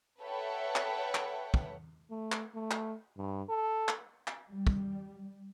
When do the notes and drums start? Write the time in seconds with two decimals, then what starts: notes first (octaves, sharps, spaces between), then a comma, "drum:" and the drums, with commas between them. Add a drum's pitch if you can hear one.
0.22 A4 B4 C#5 E5 F#5 G5
0.76 drum: clap
1.15 drum: clap
1.54 drum: kick
2.11 A3
2.32 drum: clap
2.54 A3
2.71 drum: clap
3.17 G2
3.49 A4
3.88 drum: clap
4.27 drum: clap
4.51 G3
4.67 drum: kick